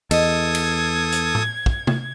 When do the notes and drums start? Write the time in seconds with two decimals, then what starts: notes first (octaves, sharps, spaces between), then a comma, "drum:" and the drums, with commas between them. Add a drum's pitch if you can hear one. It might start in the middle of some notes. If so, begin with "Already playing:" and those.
0.11 E2 A4 D#5 D#6 G#6, drum: cymbal
0.55 drum: cymbal
1.12 drum: hi-hat
1.35 drum: tom A2
1.66 drum: kick
1.87 drum: tom C3